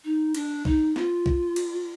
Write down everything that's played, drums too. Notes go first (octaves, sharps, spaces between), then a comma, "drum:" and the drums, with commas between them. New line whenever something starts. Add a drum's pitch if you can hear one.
D#4
D4, drum: cymbal
D#4, drum: kick C2
F4, drum: snare
drum: kick C2
drum: cymbal